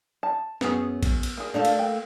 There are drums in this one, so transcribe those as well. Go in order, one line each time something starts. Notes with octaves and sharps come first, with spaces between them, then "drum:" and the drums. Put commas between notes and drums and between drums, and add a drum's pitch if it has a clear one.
A5
F#2 B3 C#4 G#4, drum: snare
drum: kick A#1, cymbal
drum: cymbal
A#3 G#4
A3 A#3 D4 F4 G4 A4
drum: cymbal
G5